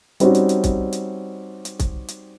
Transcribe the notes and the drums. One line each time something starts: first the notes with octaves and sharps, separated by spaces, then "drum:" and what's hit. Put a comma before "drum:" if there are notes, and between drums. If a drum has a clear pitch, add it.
G3 C4 C#4 D#4 F#4, drum: hi-hat
drum: hi-hat
drum: hi-hat
drum: kick, hi-hat
drum: hi-hat
drum: hi-hat
drum: kick, hi-hat
drum: hi-hat